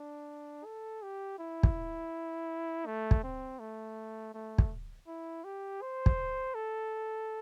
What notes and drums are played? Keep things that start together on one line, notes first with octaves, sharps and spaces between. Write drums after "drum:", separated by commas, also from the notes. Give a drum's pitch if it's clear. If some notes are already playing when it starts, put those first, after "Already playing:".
Already playing: D4
A4
G4
E4
drum: kick
A3
drum: kick
C4
A3
A3
drum: kick
E4
G4
C5
drum: kick
A4